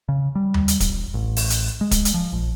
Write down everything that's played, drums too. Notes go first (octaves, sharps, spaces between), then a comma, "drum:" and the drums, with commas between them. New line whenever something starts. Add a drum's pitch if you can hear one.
C#3
G3
drum: tom D#2
drum: hi-hat
E1, drum: kick, hi-hat
A1
drum: open hi-hat
drum: hi-hat
G#3
drum: kick, hi-hat
drum: hi-hat
F3
A#1